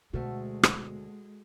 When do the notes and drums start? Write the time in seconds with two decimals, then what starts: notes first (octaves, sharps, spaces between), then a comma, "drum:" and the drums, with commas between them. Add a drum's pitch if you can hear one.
0.14 D2 B2 G#3 A3 F#4 A4
0.63 drum: rim click